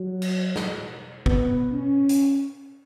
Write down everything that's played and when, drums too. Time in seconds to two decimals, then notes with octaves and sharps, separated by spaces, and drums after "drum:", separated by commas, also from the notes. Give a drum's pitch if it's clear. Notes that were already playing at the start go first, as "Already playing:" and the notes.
Already playing: F#3
0.22 drum: cymbal
0.56 drum: snare
1.26 B3, drum: kick
1.73 C#4
2.09 drum: hi-hat